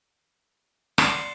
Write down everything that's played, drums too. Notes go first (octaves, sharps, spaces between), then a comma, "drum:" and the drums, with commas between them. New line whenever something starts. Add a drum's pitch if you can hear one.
D5 F#5 C6 C7 C#7 E7, drum: rim click